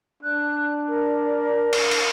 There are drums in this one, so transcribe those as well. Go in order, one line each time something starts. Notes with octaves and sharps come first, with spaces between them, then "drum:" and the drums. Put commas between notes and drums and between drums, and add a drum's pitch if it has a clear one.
D4 F#6
A#4
drum: cymbal
drum: cymbal